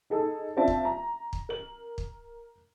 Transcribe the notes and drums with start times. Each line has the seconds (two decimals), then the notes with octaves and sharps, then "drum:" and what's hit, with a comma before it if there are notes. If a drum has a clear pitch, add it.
0.10 D#4 G#4 A4
0.57 C4 D4 F4 E5 A5
0.68 drum: kick
0.85 A#5
1.33 drum: kick
1.49 A#4 F#7
1.98 drum: kick